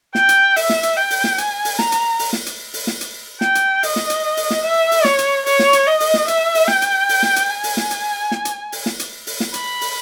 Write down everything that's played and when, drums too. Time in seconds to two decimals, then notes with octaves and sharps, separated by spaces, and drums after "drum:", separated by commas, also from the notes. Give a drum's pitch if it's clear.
0.15 G5, drum: snare
0.29 drum: hi-hat
0.56 E5, drum: open hi-hat
0.69 drum: snare
0.83 drum: hi-hat
0.97 G5
1.10 drum: open hi-hat
1.24 drum: snare
1.38 G#5, drum: hi-hat
1.65 drum: open hi-hat
1.79 A#5, drum: snare
1.92 drum: hi-hat
2.19 drum: open hi-hat
2.33 drum: snare
2.46 drum: hi-hat
2.74 drum: open hi-hat
2.87 drum: snare
3.01 drum: hi-hat
3.41 G5, drum: snare
3.55 drum: hi-hat
3.83 D#5, drum: open hi-hat
3.96 drum: snare
4.10 drum: hi-hat
4.37 drum: open hi-hat
4.50 drum: snare
4.64 E5
4.91 drum: open hi-hat
5.05 C#5, drum: snare
5.19 drum: hi-hat
5.46 C#5, drum: open hi-hat
5.59 drum: snare
5.73 drum: hi-hat
5.87 D#5
6.00 drum: open hi-hat
6.14 drum: snare
6.28 E5, drum: hi-hat
6.55 drum: open hi-hat
6.68 G5, drum: snare
6.82 drum: hi-hat
7.09 drum: open hi-hat
7.23 drum: snare
7.36 drum: hi-hat
7.50 G#5
7.63 drum: open hi-hat
7.77 drum: snare
7.91 drum: hi-hat
8.31 drum: snare
8.45 drum: hi-hat
8.72 drum: open hi-hat
8.86 drum: snare
9.00 drum: hi-hat
9.27 drum: open hi-hat
9.40 drum: snare
9.54 B5, drum: hi-hat
9.81 drum: open hi-hat